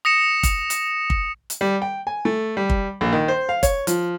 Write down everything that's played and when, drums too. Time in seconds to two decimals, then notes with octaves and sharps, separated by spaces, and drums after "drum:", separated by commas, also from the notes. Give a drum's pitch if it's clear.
0.05 D#6 A#6 C#7 E7
0.43 drum: kick, hi-hat
0.70 drum: hi-hat
1.10 drum: kick
1.50 drum: hi-hat
1.61 G3
1.82 G5
2.07 G#5
2.25 A3
2.57 G3
2.70 drum: kick
3.01 A#1
3.12 D#3
3.28 C5
3.49 F5
3.63 C#5, drum: kick, hi-hat
3.87 F3, drum: hi-hat